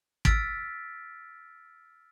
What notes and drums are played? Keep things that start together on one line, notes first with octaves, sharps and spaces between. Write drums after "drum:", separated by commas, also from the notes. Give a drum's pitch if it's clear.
E6 F6 A6 B6 D7, drum: kick